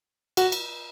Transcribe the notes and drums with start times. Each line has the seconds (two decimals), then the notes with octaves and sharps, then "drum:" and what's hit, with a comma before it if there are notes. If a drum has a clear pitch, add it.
0.37 F#4, drum: cymbal
0.52 drum: cymbal